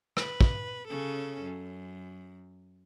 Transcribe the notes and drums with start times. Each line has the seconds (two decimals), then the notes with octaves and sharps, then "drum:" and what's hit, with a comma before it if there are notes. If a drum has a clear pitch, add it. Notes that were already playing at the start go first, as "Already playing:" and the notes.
0.17 B4, drum: rim click
0.41 drum: kick
0.88 C#3 C#4 A4
1.42 F#2